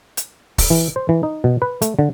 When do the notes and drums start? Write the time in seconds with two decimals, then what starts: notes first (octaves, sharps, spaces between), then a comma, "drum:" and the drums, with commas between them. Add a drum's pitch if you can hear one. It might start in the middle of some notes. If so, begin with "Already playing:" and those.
0.17 drum: hi-hat
0.58 drum: kick, open hi-hat
0.70 E3
0.96 C5
1.09 E3
1.23 D#4
1.44 B2
1.62 B4
1.82 A3, drum: hi-hat
1.99 D3